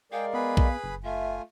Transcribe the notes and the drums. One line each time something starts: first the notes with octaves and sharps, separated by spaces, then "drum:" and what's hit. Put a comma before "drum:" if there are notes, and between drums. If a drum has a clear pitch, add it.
G#3 G#4 A#4 D5 F5 G5
B3 G#4 B4 B5
drum: kick A#1
F#1
A3 F4 E5 G#5